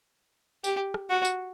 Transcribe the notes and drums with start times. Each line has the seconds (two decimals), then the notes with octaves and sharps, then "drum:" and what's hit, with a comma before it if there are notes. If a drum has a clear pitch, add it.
0.64 G4, drum: tambourine
0.94 drum: rim click
1.10 F#4
1.25 drum: tambourine